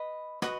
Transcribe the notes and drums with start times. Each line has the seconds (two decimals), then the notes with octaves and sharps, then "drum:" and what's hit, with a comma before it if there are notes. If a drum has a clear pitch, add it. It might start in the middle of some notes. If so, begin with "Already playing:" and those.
Already playing: B4 D#5
0.42 F#4 B4 D#5, drum: rim click